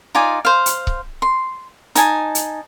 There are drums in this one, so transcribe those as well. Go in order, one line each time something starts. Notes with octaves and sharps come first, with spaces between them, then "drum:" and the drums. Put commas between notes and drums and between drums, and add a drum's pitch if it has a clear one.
D#4 F4 D5 G#5
C5 F5
drum: hi-hat
drum: kick C#1
C6
D#4 G#5 A5, drum: hi-hat
drum: hi-hat